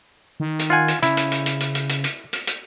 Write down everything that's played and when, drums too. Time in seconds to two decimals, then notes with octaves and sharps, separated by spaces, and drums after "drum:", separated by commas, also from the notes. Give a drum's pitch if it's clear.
0.40 D#3
0.59 drum: hi-hat
0.70 F4 F#5 G#5
0.88 drum: hi-hat
1.03 C#3 E4, drum: hi-hat
1.17 drum: hi-hat
1.31 drum: hi-hat
1.46 drum: hi-hat
1.60 drum: hi-hat
1.75 drum: hi-hat
1.89 drum: hi-hat
2.04 drum: hi-hat
2.33 drum: hi-hat
2.47 drum: hi-hat